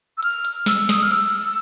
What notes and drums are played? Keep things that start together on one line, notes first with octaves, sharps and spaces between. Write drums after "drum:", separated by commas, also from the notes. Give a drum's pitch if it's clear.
E6
F6, drum: hi-hat
drum: hi-hat
E6, drum: snare
D#6, drum: snare
F6
E6, drum: hi-hat